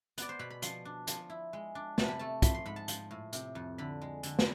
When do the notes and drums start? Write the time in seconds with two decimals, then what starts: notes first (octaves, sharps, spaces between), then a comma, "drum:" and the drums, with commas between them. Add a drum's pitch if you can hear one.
0.18 B3 D5, drum: hi-hat
0.29 C5
0.39 B2 B5
0.50 B5
0.62 F3 C6, drum: hi-hat
0.85 D4
1.07 F3, drum: hi-hat
1.30 E4
1.53 G#3
1.75 D4
1.98 C3 A5, drum: snare
2.08 B5
2.19 A3 A5
2.42 F3 B5, drum: kick, hi-hat
2.55 C6
2.66 G#2 B5
2.76 A5
2.88 F3, drum: hi-hat
3.11 A2
3.33 C3, drum: hi-hat
3.55 F2
3.78 D3 B5
4.02 G#3
4.23 D3, drum: hi-hat
4.39 drum: snare